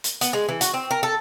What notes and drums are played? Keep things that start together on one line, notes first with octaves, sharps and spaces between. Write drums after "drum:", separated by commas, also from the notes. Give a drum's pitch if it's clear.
drum: hi-hat
B3, drum: hi-hat
G#3
E3
F#4, drum: hi-hat
C4
A#4
A4